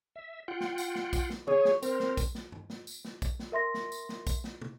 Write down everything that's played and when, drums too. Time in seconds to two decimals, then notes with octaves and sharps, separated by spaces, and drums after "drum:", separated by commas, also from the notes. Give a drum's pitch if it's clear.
0.16 E5
0.48 F4 F#5 G5
0.61 drum: snare
0.78 drum: tambourine
0.95 drum: snare
1.13 drum: kick, tambourine
1.30 drum: snare
1.47 G#4 C#5, drum: tom
1.65 drum: snare
1.83 C4 A#4 C5, drum: tambourine
2.00 drum: snare
2.17 drum: kick, tambourine
2.35 drum: snare
2.52 drum: tom G2
2.70 drum: snare
2.87 drum: tambourine
3.05 drum: snare
3.22 drum: kick, tambourine
3.39 drum: snare
3.52 A#4 E5 C6 A#6
3.74 drum: snare
3.92 drum: tambourine
4.09 drum: snare
4.27 drum: kick, tambourine
4.44 drum: snare
4.61 drum: tom